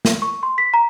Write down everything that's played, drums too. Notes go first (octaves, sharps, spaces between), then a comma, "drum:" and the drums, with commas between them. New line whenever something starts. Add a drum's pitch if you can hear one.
drum: snare
C#6
C6
B6
A#5